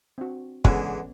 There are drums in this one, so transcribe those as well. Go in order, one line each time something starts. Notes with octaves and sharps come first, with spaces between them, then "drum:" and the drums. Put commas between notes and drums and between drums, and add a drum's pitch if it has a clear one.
C4 D4 F#4
E2 D3 E3 G#3 B3 C#4, drum: kick